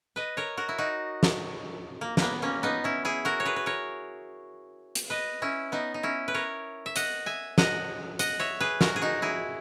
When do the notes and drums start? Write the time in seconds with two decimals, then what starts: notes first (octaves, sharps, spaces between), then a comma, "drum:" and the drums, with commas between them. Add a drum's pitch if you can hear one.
0.16 B4 D#5
0.37 A#4 C#5
0.57 F#4 A#4
0.69 E4
0.78 D#4 F#4
1.23 drum: snare
2.01 A#3
2.17 A#3, drum: snare
2.22 B3
2.42 A#3 C#4
2.63 B3 D#4
2.84 C#4 E4
3.05 E4 G#4
3.25 F#4 A#4
3.40 C#5
3.45 G#4 B4
3.56 B4
3.66 A#4 C#5
4.95 drum: hi-hat
5.10 B4 D#5
5.42 C#4 E4
5.72 B3 D#4
5.94 D#4
6.03 C#4 E4
6.28 B4
6.34 A#4 C#5
6.86 E5
6.96 D#5 F#5, drum: hi-hat
7.26 E5 G#5
7.58 D#5 F#5, drum: snare
8.19 D#5 F#5, drum: hi-hat
8.40 C#5 E5
8.60 G#4 B4
8.81 F#4 A#4, drum: snare
8.96 G#4
9.02 D#4 F#4
9.22 E4 G#4